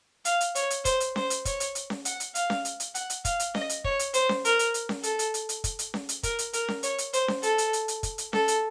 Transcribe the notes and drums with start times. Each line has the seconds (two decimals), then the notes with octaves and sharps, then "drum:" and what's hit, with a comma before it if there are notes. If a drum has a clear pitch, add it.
0.25 F5, drum: hi-hat
0.41 drum: hi-hat
0.55 C#5, drum: hi-hat
0.70 drum: hi-hat
0.85 C5, drum: kick, hi-hat
1.00 drum: hi-hat
1.16 C5, drum: snare C#4
1.30 drum: hi-hat
1.45 C#5, drum: kick, hi-hat
1.60 drum: hi-hat
1.75 drum: hi-hat
1.90 drum: snare C#4
2.05 F#5, drum: hi-hat
2.20 drum: hi-hat
2.35 F5, drum: hi-hat
2.50 drum: snare C#4
2.65 drum: hi-hat
2.80 drum: hi-hat
2.95 F#5, drum: hi-hat
3.10 drum: hi-hat
3.25 F5, drum: kick, hi-hat
3.40 drum: hi-hat
3.55 D#5, drum: snare C#4
3.69 drum: hi-hat
3.84 C#5, drum: kick
3.99 drum: hi-hat
4.14 C5, drum: hi-hat
4.29 drum: snare C#4
4.45 A#4, drum: hi-hat
4.59 drum: hi-hat
4.74 drum: hi-hat
4.89 drum: snare C#4
5.03 A4, drum: hi-hat
5.19 drum: hi-hat
5.34 drum: hi-hat
5.49 drum: hi-hat
5.64 drum: kick, hi-hat
5.79 drum: hi-hat
5.94 drum: snare C#4
6.09 drum: hi-hat
6.23 A#4, drum: kick, hi-hat
6.39 drum: hi-hat
6.53 A#4, drum: hi-hat
6.68 drum: snare C#4
6.83 C#5, drum: hi-hat
6.98 drum: hi-hat
7.13 C5, drum: hi-hat
7.28 drum: snare C#4
7.43 A4, drum: hi-hat
7.58 drum: hi-hat
7.73 drum: hi-hat
7.88 drum: hi-hat
8.03 drum: kick, hi-hat
8.18 drum: hi-hat
8.33 A4, drum: snare C#4
8.48 drum: hi-hat